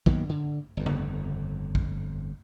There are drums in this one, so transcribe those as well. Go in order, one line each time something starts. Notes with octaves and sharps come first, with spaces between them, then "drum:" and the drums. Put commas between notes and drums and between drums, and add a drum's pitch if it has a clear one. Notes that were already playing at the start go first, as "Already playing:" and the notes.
D#3 F#3 A#3 B3, drum: kick A#1
D3
G1 F2
drum: tom C#3
drum: kick A#1